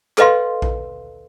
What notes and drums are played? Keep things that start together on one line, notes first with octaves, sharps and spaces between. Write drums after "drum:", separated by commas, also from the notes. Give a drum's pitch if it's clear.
A4 B4 D#5 F5 C6, drum: clap
drum: kick A#1